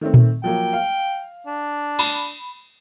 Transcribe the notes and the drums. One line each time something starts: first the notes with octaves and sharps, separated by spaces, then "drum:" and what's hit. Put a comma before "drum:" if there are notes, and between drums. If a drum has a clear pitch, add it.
D#3 A3 C4
drum: tom A#2
F3 F#3 A#3 G5
F5
D4
B5, drum: cymbal